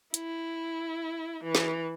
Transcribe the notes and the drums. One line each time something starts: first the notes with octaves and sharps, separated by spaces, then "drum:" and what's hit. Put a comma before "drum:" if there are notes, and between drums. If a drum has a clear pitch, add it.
E4, drum: hi-hat
E3
drum: snare